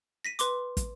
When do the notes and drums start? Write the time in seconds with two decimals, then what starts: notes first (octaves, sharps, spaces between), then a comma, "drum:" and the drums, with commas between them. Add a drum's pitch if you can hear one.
0.25 A#6 B6 D#7
0.39 B4 C6 D6, drum: hi-hat
0.77 drum: kick, hi-hat